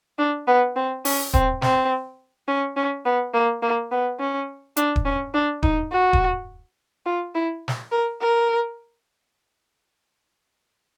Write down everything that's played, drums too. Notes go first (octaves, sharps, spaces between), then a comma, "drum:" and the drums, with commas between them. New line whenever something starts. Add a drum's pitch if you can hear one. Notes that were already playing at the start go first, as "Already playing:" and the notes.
D4
B3
C4
C#4, drum: open hi-hat
C4, drum: kick D#1
C4, drum: snare
C#4
C#4
B3
A#3
A#3
B3
C#4
D4, drum: hi-hat
drum: kick D#1
C#4
D4
D#4, drum: kick D#1
F#4
drum: kick D#1
F4
E4
drum: snare
A#4
A#4